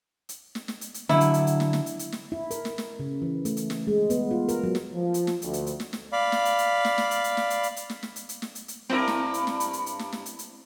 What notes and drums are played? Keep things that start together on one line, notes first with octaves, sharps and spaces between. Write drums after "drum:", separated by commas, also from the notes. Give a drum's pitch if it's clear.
drum: hi-hat
drum: snare
drum: snare
drum: hi-hat
drum: hi-hat
D3 F#3 E4, drum: snare
drum: hi-hat
drum: hi-hat
drum: hi-hat
drum: snare
drum: snare
drum: hi-hat
drum: hi-hat
drum: snare
E4
A#4, drum: hi-hat
drum: snare
drum: snare
C#3
E3
A3, drum: hi-hat
drum: hi-hat
drum: snare
G#3
B3, drum: hi-hat
F4
A#4, drum: hi-hat
F#3
drum: snare
F3
drum: hi-hat
drum: snare
D2, drum: hi-hat
drum: hi-hat
drum: hi-hat
drum: snare
drum: snare
D5 F5 B5
drum: snare
drum: hi-hat
drum: hi-hat
drum: snare
drum: snare
drum: hi-hat
drum: hi-hat
drum: snare
drum: hi-hat
drum: hi-hat
drum: hi-hat
drum: snare
drum: snare
drum: hi-hat
drum: hi-hat
drum: snare
drum: hi-hat
drum: hi-hat
G2 C4 E4 F#4 A#4 B5
drum: snare
drum: hi-hat
drum: snare
drum: hi-hat
drum: hi-hat
drum: hi-hat
drum: snare
drum: snare
drum: hi-hat
drum: hi-hat